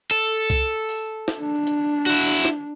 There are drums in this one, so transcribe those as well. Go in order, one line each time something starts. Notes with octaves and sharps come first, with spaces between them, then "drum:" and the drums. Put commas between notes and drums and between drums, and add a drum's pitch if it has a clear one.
A4, drum: hi-hat
drum: kick C2, hi-hat
drum: open hi-hat
drum: snare
D4
drum: hi-hat
E4 F#4, drum: hi-hat
drum: snare